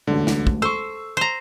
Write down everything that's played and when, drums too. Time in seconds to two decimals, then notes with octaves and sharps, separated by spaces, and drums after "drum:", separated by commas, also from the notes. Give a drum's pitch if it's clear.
0.07 E1 A1 D2 D3
0.27 drum: snare
0.47 drum: kick
0.62 A4 C5 C#6 E6
1.17 C5 A#5